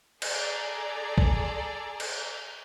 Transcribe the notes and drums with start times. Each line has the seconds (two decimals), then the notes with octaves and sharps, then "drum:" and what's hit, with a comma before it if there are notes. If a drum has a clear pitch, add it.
0.22 G#4 A4 D5 G#5 A#5, drum: cymbal
1.18 drum: kick B1
2.00 drum: cymbal